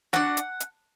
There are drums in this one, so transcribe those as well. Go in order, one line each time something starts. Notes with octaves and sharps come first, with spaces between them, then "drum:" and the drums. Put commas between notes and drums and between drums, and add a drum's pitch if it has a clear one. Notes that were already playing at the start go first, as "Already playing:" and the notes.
D4 F#4 F#5, drum: snare
drum: hi-hat
drum: hi-hat